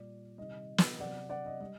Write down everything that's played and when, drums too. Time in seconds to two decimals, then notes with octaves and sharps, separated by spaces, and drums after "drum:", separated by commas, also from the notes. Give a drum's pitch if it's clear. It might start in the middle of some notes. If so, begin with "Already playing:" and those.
Already playing: A#2 G3 D5
0.38 C3 D#3 G3 D#5
0.78 drum: snare
0.99 C3 F#3 D5 F#5
1.30 D5 F#5
1.46 D#5
1.60 G3 D#5